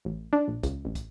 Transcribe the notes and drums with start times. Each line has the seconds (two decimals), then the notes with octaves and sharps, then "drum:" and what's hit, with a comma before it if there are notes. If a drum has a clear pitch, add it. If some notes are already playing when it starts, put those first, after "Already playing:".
0.05 A1
0.33 D4
0.48 A#1
0.63 C#2, drum: kick, hi-hat
0.85 A1
0.95 drum: kick, hi-hat